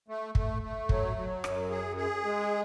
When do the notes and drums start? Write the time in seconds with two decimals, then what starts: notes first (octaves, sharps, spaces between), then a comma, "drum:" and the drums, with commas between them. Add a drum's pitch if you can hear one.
0.08 A3
0.35 A3, drum: kick
0.62 A3
0.89 F#3, drum: kick
1.17 F#3
1.44 F#2, drum: rim click
1.70 G#4
1.97 G#4
2.24 G#3